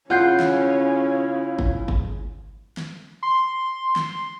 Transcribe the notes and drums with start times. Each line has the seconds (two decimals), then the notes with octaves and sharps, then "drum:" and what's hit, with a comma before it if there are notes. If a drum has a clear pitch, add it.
0.10 C#3 C#4 E4 F4 F#5 G6 C7
0.40 drum: snare
1.59 drum: kick G1
1.88 drum: kick G1
2.77 drum: snare
3.23 C6
3.96 drum: snare